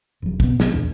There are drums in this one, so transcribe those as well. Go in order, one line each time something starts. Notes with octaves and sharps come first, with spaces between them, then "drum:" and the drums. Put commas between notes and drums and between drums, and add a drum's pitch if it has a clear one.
E1 F#3
B2 B3, drum: kick
F#3 B3, drum: snare
D1 A#1 E2 D4